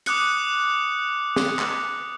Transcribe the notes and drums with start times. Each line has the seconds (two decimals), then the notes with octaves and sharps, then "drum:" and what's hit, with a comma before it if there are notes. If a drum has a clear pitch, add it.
0.06 D6 D#6 F#6 C#7, drum: hi-hat
1.36 drum: snare
1.59 drum: clap